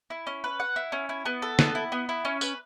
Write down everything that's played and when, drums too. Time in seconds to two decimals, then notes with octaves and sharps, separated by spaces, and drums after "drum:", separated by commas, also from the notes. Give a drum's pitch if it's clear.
0.10 E4
0.27 C#4
0.44 B4
0.60 F#5
0.76 E4
0.92 C#4
1.09 E4
1.25 B3
1.42 A4
1.59 B3, drum: snare
1.75 E4
1.92 B3
2.09 E4
2.25 C#4
2.41 B4, drum: tambourine